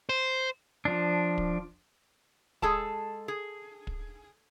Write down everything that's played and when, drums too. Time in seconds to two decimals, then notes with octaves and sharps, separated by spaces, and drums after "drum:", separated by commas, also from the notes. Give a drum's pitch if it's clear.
0.09 C5
0.85 F3 D4
1.38 drum: kick
2.62 G#3 G#4 A4 A5, drum: kick
3.28 G#4
3.87 drum: kick